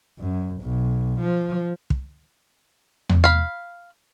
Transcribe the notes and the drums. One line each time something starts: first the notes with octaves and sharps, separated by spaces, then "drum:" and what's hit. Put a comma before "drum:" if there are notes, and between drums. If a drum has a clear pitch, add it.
F#2
B1
F3
drum: kick
drum: tom E2
F5 B5